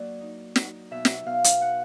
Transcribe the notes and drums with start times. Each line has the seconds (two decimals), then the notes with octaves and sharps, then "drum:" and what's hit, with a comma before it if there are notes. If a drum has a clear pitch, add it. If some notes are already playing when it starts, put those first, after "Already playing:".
Already playing: F#3 A#3 D4 D5
0.21 D#4
0.56 D#4, drum: snare
0.91 B2 E5
1.05 drum: snare
1.26 B2 F5
1.44 drum: hi-hat
1.61 F#5